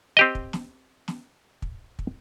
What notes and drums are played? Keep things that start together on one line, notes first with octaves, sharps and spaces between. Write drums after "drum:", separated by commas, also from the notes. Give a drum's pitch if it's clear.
C4 G4 D#5
drum: kick
drum: snare
drum: snare
drum: kick
drum: kick